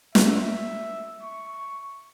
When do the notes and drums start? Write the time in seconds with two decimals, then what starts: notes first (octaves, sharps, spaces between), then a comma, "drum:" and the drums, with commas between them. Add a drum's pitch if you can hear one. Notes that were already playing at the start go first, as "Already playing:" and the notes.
0.15 E5, drum: snare
1.22 C#6